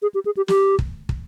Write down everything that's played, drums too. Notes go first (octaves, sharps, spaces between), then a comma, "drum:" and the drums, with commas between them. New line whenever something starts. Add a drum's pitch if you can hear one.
G#4
G4
G#4
G4
G4, drum: snare
drum: kick
drum: kick